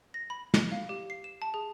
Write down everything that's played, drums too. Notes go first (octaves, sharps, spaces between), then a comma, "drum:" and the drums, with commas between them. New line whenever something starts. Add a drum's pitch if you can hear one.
A#6
B5
drum: snare
F5
G4
C7
E7
A5
G#4